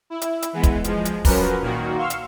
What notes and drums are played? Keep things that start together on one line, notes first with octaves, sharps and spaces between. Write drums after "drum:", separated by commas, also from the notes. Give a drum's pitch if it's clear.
E4
drum: hi-hat
drum: hi-hat
E3 G#3 B3
drum: kick, hi-hat
F3 G#3, drum: hi-hat
drum: hi-hat
F3 F#3 C#4 A#4 B4, drum: kick, open hi-hat
A#2 D#3 A#3 F#4
F5 C6 C#6 E6 F6
drum: hi-hat